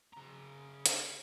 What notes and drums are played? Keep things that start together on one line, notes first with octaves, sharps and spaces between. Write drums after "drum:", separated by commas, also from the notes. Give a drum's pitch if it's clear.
C#3 A#5
drum: hi-hat